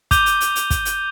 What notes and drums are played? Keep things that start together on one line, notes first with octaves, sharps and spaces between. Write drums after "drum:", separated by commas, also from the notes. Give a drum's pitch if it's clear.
D6 G6 D#7 G7, drum: kick, hi-hat
drum: hi-hat
drum: hi-hat
drum: hi-hat
drum: kick, hi-hat
drum: hi-hat